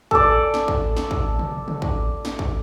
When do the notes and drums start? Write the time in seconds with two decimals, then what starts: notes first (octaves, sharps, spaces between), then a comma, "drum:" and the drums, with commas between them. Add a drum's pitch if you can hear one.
0.11 A4 D5, drum: kick
0.54 drum: snare
0.68 drum: kick
0.97 drum: snare
1.11 drum: kick
1.39 drum: tom
1.68 drum: tom
1.82 drum: kick
2.25 drum: snare
2.39 drum: kick